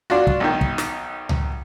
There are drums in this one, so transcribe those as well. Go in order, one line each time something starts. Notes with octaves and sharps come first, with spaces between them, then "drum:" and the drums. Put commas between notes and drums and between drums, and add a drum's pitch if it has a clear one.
D4 F4 F#4
drum: kick
B1 D#3
drum: kick
drum: snare
drum: tom C#2